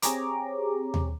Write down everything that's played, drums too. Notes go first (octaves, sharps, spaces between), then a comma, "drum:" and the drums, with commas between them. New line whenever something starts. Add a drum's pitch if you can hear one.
C4 G4 G#4 C#5 A#5 D6, drum: hi-hat
drum: tom D#2